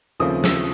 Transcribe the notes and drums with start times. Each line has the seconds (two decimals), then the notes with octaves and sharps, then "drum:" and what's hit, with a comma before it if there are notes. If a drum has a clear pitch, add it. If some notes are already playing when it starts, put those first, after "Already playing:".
0.20 D#2 C#3 F3 A3 C4 D#6
0.44 E6, drum: snare